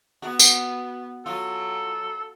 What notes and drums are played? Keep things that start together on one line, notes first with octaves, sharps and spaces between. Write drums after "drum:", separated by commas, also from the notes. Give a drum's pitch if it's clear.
B3 F#4
drum: tambourine
F#3 F4 A4